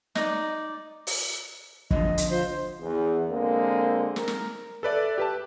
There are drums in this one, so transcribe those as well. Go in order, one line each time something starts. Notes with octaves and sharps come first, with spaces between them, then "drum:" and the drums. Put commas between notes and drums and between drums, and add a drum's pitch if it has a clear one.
D#4 D5, drum: snare
drum: open hi-hat
B2 D3 F3 D#5, drum: kick
drum: hi-hat
F4 C5
E2
D3 G#3 A#3 C4
A#4, drum: snare
drum: snare
A4 B4 D5 E5
G4 B4 A5